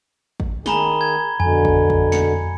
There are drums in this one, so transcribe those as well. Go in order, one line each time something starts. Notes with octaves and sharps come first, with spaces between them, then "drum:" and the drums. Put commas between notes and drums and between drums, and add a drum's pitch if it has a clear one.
drum: kick
D#3 G#4 A#5 B5 G7, drum: snare
G#6
F2 B2 D3 G#5
drum: kick
drum: kick
C#7, drum: snare